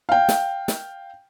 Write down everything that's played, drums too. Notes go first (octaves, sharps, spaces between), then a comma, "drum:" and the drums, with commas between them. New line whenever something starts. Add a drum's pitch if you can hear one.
F5 G5
drum: snare
drum: snare